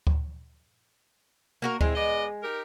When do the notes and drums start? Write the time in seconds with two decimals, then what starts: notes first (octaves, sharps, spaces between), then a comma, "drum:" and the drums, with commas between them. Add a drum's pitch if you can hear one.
0.07 drum: kick D2
1.62 A#3 F#4 A#4
1.81 G#3 C4 E4, drum: kick D2
1.95 B3 D5 D#5
2.43 D#4 G4 A#4